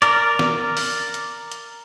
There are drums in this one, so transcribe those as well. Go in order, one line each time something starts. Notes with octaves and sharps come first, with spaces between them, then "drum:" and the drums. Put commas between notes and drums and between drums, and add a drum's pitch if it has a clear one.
A#4 D5, drum: hi-hat
drum: snare
drum: open hi-hat
drum: hi-hat
drum: hi-hat